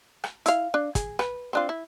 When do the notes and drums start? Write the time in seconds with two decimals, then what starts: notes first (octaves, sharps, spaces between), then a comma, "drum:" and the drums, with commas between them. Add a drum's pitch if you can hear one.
0.24 drum: rim click
0.46 E4 F5, drum: hi-hat
0.74 D4
0.95 G#4, drum: kick, hi-hat
1.19 B4, drum: rim click
1.53 C4 D4 F4
1.69 E4